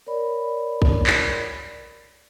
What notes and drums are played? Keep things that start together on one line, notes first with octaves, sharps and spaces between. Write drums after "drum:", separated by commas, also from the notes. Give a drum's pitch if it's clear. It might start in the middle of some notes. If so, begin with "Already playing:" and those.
A#4 C#5 D5 B5
drum: kick
drum: clap